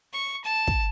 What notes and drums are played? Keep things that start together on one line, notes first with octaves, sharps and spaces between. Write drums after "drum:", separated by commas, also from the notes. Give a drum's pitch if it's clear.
C#6
A5
drum: kick